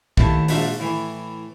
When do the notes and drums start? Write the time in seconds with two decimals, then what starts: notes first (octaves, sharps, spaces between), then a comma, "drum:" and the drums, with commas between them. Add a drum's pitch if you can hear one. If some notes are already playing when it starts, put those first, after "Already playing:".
0.17 D#2 A2 E4 A4 A5, drum: kick
0.48 A#1 G#2 A#3 F#4 E5 A5, drum: open hi-hat
0.80 A2 E3